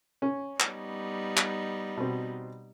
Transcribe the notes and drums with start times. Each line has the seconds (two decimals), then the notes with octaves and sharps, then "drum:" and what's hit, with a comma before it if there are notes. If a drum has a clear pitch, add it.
0.22 C#4
0.60 G3 B3 D#4, drum: clap
1.37 drum: clap
1.97 B2 C4